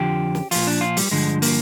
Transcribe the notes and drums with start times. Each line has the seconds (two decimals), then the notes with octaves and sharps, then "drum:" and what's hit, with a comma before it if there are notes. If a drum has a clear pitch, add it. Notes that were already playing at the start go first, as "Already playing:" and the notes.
Already playing: F2 D3 F3 G4
0.35 drum: snare
0.51 A#2 F3 F4, drum: open hi-hat
0.67 D4
0.81 F4
0.97 G3, drum: open hi-hat
1.11 G2 D3 F3 G#3
1.42 A#3, drum: open hi-hat